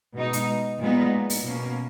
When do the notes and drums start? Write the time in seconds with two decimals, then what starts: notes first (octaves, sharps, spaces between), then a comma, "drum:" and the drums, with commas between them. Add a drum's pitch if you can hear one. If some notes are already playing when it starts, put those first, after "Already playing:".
0.14 B2 G#3 D#4
0.33 drum: hi-hat
0.79 A#2 G#3 B3 D#4
1.30 drum: open hi-hat
1.44 B2 A#3 C#4